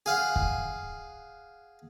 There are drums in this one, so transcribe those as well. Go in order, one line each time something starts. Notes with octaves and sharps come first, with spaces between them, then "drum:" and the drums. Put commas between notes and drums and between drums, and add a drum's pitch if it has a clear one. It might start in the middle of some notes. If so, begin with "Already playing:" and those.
G#4 F5 F#5
drum: kick